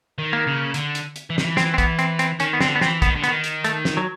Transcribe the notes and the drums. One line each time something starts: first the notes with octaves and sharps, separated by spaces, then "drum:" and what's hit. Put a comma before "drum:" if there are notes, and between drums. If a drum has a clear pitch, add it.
D#3
A#3
C#3
D3, drum: hi-hat
drum: hi-hat
drum: hi-hat
E3
D#3, drum: snare
E3
C4, drum: snare
C4
B3, drum: kick, hi-hat
C4, drum: hi-hat
C4, drum: hi-hat
D#3 C#4, drum: hi-hat
B3
D3 C4, drum: snare
B3
E3 C4, drum: snare
D#3 B3, drum: kick, hi-hat
D3
B3, drum: hi-hat
D#3
drum: hi-hat
A3, drum: hi-hat
drum: snare
F#3